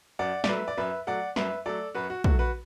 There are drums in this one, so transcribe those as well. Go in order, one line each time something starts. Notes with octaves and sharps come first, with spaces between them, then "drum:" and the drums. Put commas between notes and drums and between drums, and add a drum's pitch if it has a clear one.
F#2 D5 F#5
D5, drum: snare
F#3 A3 B4 E5
D5
F#2 B4 E5
F#3 A3 D5 F#5
F#2 B4 E5, drum: snare
F#3 A3 A4 D5
F#2 F#4 B4
F#4
F#3 A3 F#4, drum: kick
F#4 B4